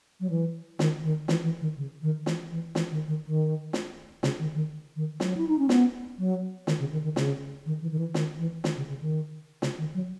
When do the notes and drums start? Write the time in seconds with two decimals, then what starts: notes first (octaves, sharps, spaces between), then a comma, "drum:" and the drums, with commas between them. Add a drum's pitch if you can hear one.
0.20 F#3
0.30 E3
0.79 D#3, drum: snare
1.03 D#3
1.28 E3, drum: snare
1.44 E3
1.61 D#3
1.77 C#3
2.02 D#3
2.26 E3, drum: snare
2.51 E3
2.75 E3, drum: snare
2.92 D#3
3.07 D#3
3.25 D#3
3.73 drum: snare
4.23 C#3, drum: snare
4.39 D#3
4.55 D#3
4.96 D#3
5.20 F#3, drum: snare
5.37 E4
5.48 D#4
5.59 C#4
5.69 B3, drum: snare
6.19 F#3
6.67 D#3, drum: snare
6.80 C#3
6.92 D#3
7.04 D#3
7.16 C#3, drum: snare
7.66 D#3
7.82 E3
7.91 D#3
7.99 E3
8.14 D#3, drum: snare
8.39 E3
8.64 D#3, drum: snare
8.77 C#3
8.89 C#3
9.01 D#3
9.62 C#3, drum: snare
9.78 D#3
9.95 F#3